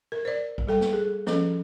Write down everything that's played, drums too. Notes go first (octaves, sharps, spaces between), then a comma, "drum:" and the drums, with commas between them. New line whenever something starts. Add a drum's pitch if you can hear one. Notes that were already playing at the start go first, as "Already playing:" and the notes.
A#4
C5 D5
drum: kick A#1
G3 A4 G5
drum: snare
G#4
F3 C#4 A4, drum: snare